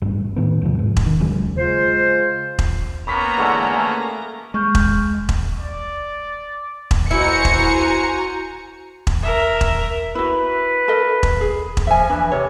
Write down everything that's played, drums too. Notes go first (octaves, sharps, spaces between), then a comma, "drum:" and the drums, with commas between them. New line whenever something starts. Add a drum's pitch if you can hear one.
A1 G2
A2 D#3 B3
E1 G2 C3 F3
G#2
drum: kick E1
D#3
D#2 C#3 F#3 G#3
C#3 G#3 F4 C5
drum: kick E1
A#3 B3 C#4 A#5 B5 C#6 B6
E2 D3 G#3 F#5 C#6 F6
A3 G#5 A#5
G#3 C#6 F6 G6
drum: kick E1
drum: kick E1
D5
drum: kick E1
E4 F#4 C5 G#5 A#5 C#7
drum: kick E1
drum: kick E1
A#4 E5
drum: kick E1
E4 F#4 B4
A4 A#4 D#5
drum: kick E1
G#4
drum: kick E1
F3 E5 G#5
E3 D4
C3 C#5